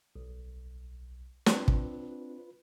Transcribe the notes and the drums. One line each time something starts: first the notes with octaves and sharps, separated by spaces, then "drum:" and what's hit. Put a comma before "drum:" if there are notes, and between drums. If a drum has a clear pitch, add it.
B1
C4 D4 F4 B4, drum: snare
drum: kick